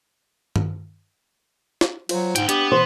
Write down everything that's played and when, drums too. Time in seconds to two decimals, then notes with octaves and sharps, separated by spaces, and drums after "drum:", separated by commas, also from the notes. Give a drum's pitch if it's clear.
0.56 drum: tom
1.81 drum: snare
2.09 F#3 F4 C5, drum: cymbal
2.36 D2 G#2 G5, drum: hi-hat
2.49 B3 D4 G4, drum: hi-hat
2.72 B2 E3 C5